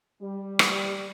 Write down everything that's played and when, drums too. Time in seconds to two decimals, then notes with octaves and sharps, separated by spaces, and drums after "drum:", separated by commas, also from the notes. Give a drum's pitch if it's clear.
0.22 G3
0.59 drum: rim click